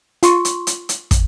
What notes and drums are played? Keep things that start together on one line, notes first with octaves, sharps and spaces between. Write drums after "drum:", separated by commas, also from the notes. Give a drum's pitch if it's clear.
F4 C6 C#6, drum: hi-hat
drum: hi-hat
drum: hi-hat
drum: hi-hat
drum: kick, hi-hat